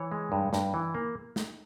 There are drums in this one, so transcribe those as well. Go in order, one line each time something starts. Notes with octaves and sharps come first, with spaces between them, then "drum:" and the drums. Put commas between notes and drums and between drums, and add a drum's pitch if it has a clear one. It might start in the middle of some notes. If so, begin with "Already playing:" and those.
Already playing: E3 C#5
G#3
G2
G2, drum: snare
E3
A#3
drum: snare